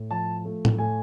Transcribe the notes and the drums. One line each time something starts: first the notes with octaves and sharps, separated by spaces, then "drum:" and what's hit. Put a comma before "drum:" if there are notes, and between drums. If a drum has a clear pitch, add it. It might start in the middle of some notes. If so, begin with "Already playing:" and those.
Already playing: A2
F3 A5
A3
drum: tom A2
A2 G#5